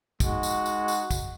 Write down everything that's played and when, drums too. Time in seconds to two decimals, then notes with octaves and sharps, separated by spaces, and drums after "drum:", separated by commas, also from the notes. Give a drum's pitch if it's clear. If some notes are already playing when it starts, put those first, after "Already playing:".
0.20 G#3 D#4 F#4, drum: kick, tambourine
0.43 drum: tambourine
0.66 drum: tambourine
0.88 drum: tambourine
1.11 drum: kick, tambourine